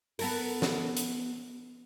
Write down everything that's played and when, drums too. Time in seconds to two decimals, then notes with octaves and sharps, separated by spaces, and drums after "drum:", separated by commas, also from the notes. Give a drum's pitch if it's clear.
0.19 B3 A4 A#4, drum: open hi-hat
0.62 drum: snare
0.97 drum: hi-hat